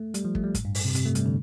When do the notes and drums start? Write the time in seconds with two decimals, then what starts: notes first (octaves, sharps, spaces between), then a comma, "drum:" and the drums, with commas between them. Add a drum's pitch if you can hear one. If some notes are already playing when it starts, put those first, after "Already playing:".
Already playing: A3
0.14 G3, drum: hi-hat
0.25 F3
0.35 A3, drum: kick
0.44 G3
0.55 A2, drum: kick, hi-hat
0.65 G2
0.75 drum: open hi-hat
0.85 C3
0.95 C3, drum: hi-hat
1.05 A3
1.15 G3, drum: hi-hat
1.26 D3